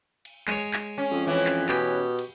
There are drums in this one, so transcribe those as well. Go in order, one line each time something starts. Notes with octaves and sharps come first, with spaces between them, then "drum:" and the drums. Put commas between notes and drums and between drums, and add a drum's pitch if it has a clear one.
drum: cymbal
G#3 C#5, drum: clap
drum: clap
C#4
F2
E3 C#4
drum: clap
B2 G4, drum: clap
drum: cymbal